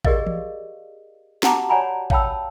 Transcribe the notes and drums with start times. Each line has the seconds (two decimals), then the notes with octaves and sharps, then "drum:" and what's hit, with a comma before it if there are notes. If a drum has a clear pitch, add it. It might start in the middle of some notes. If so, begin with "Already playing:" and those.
0.05 G4 G#4 A#4 D5 D#5 F5, drum: kick A1
0.26 drum: tom E3
1.43 F#4 G4 F#5 A5 A#5 D6, drum: snare
1.69 C#5 D5 F#5 G#5 A#5 B5
2.10 C#5 F5 G5 A5 B5 E6, drum: kick A1